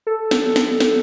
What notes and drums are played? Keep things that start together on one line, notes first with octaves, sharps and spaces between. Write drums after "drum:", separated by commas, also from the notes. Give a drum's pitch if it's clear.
A4
drum: snare
drum: snare
drum: snare